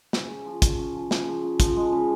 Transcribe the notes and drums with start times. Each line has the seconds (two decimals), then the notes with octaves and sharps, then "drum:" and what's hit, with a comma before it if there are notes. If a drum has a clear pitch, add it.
0.13 C#3, drum: snare
0.30 C#4
0.46 F3
0.62 C#4, drum: kick, hi-hat
0.78 C#4
0.95 F3
1.11 C#3, drum: snare
1.27 F3
1.44 C#3
1.60 F3, drum: kick, hi-hat
1.76 G#3
1.92 C#3